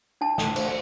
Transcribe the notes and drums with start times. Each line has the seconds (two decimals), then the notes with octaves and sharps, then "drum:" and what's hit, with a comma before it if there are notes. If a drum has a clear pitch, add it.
0.21 D4 A5
0.38 A4, drum: snare
0.56 C5, drum: cymbal